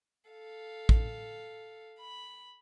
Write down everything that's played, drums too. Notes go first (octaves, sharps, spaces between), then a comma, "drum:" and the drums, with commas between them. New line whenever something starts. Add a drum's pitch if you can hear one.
A4 F5
drum: kick
B5